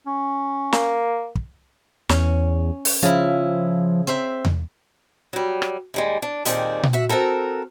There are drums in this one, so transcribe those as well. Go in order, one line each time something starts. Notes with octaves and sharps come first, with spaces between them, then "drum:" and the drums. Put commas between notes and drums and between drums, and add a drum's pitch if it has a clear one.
C#4
A#3, drum: snare
drum: kick
E2 C#4, drum: snare
drum: open hi-hat
C#3 F3 E4
C4 C5 E5
drum: tom E2
F#3 G3
drum: rim click
D#2 G3 G#3
D4
D#2 A#2 D#3 C4 G#4 D5, drum: hi-hat
drum: tom A#2
F#4 E5
C4 C#4 F#4 A4 A#4